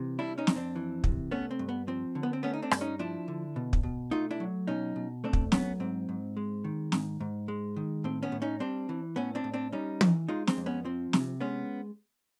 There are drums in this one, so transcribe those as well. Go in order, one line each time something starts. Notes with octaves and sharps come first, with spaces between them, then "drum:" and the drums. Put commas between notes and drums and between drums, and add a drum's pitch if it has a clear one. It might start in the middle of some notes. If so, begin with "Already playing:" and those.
Already playing: C3 E3
G3 D4 E4
C#4 D#4
F2, drum: snare
C4 D4
E3
C3, drum: kick
A3 B3 C#4
C4
G2
B3
F3 C4
D3
B3
C4
A3 B3 C#4
D#4
C4 D4
G2, drum: rim click
C#4 D#4
F3 D4 E4
D3
B2
drum: kick
B2
A3 D#4 F4
D4 E4
F#3
B2 C#4 D#4
B2
A3 C4 D4
drum: kick
F#3 B3 C#4, drum: snare
G#2 C4
G#2
G#3
D#3
G#2, drum: snare
G#2
G#3
D#3
A2 C4
B3 C#4
A2
C#4 D#4
G3 C4 D4
E3
A2 B3 C#4
C4 D4
A2
C4 D4
G3 C#4 D#4
E3, drum: tom
G#3 D#4 F4
C4, drum: snare
F2
B3 C#4
F3 C4
C3, drum: snare
G#3 B3 C#4